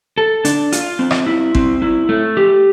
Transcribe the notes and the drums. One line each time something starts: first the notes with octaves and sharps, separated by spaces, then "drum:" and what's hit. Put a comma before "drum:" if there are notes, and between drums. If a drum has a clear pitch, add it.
A4
D4, drum: hi-hat
F4, drum: hi-hat
C4
drum: rim click
E4
C4, drum: kick
E4
A3
G4